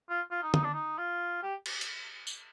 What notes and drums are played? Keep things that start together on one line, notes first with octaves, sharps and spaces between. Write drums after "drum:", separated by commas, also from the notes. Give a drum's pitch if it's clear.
F4
F4
D#4
D#4, drum: tom
D4
D#4
F4
G4
drum: cymbal
drum: hi-hat
drum: tambourine